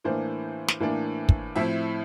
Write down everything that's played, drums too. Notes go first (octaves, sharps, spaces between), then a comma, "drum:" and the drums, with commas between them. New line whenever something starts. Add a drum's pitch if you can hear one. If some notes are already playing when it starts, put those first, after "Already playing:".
A2 E3 A#3 D4 C5
drum: snare
A2 E3 A#3 D4
drum: kick
A2 F3 C4 E4 E5